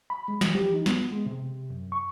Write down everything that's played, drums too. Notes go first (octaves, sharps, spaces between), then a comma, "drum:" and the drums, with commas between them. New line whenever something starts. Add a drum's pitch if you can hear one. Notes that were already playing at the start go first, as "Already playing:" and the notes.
B5
G#3
E3, drum: snare
G4, drum: tom E3
D#4
B3, drum: snare
G#3
C3
F#2
C#6